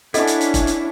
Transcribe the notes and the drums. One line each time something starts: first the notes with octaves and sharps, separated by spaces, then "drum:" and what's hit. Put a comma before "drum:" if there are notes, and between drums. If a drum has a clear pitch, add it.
C#4 D4 E4 A4 D#5 F#5, drum: hi-hat
drum: hi-hat
drum: hi-hat
drum: kick F1, hi-hat
drum: hi-hat